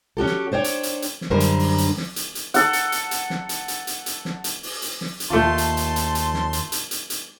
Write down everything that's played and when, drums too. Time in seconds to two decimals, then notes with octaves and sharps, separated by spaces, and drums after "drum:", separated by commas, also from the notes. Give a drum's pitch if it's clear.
0.17 C#4 F#4 G4 A4
0.26 drum: snare
0.52 D4 C5 C#5 G5
0.64 drum: hi-hat
0.83 drum: hi-hat
1.02 drum: hi-hat
1.21 drum: snare
1.30 F#2 D3 G3 D4 A#4 C5
1.40 drum: hi-hat
1.59 drum: open hi-hat
1.78 drum: hi-hat
1.97 drum: snare
2.16 drum: hi-hat
2.35 drum: hi-hat
2.54 A4 F#5, drum: hi-hat
2.73 drum: hi-hat
2.92 drum: hi-hat
3.11 drum: hi-hat
3.30 drum: snare
3.49 drum: hi-hat
3.68 drum: hi-hat
3.87 drum: hi-hat
4.06 drum: hi-hat
4.25 drum: snare
4.44 drum: hi-hat
4.63 drum: open hi-hat
4.82 drum: hi-hat
5.01 drum: snare
5.20 drum: hi-hat
5.30 D#2 A3 F4 A5 C6
5.58 drum: hi-hat
5.77 drum: hi-hat
5.96 drum: hi-hat
6.15 drum: hi-hat
6.34 drum: snare
6.53 drum: hi-hat
6.72 drum: hi-hat
6.91 drum: hi-hat
7.10 drum: hi-hat